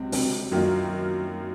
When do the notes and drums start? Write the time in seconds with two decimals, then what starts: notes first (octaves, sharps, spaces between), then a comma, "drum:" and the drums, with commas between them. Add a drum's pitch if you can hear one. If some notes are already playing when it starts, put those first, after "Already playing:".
Already playing: C#2 C3 F#3 C4
0.12 C#2 C3 F#3 C4, drum: open hi-hat
0.52 F#2 D#3 A#3 F4